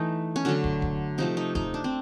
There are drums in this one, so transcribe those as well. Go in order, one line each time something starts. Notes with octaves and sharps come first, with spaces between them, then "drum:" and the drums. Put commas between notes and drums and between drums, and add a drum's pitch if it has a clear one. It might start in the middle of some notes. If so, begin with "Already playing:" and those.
Already playing: E3 A3 D#4
C#4
D3 F#3 A3 D4
drum: kick
drum: kick
C3 F3 A3 D#4
D#4
D#4, drum: kick
D4
C4